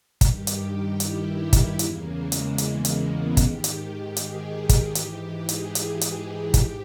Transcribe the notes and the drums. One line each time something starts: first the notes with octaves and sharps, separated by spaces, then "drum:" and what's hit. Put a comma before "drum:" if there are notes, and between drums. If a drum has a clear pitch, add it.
G2 D#3 G4, drum: kick, hi-hat
drum: hi-hat
E4, drum: hi-hat
drum: kick, hi-hat
E2 C#3 E3 A#3, drum: hi-hat
G#3
drum: hi-hat
drum: hi-hat
drum: hi-hat
B3
G#2 D#3 G4, drum: kick, hi-hat
drum: hi-hat
G#4, drum: hi-hat
drum: kick, hi-hat
G#2 E3 G4, drum: hi-hat
G#4
drum: hi-hat
G4, drum: hi-hat
drum: hi-hat
G#2 G4, drum: kick, hi-hat